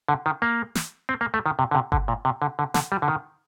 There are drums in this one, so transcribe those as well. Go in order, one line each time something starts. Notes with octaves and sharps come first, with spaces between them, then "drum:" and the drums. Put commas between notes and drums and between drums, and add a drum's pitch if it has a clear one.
D3
D#3
A#3
drum: snare
C4
A#3
A3
D#3
C3
D3
C3
D3, drum: kick G1
A#2
C3
D3
D3
D3, drum: snare
G3
D3
D#3